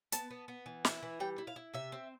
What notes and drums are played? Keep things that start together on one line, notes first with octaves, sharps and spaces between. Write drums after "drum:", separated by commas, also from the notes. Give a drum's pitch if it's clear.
B3 A5, drum: hi-hat
B3
B3
E3
E4, drum: snare
E3
G3 G5
E4
F5
E4
C3 E5
C4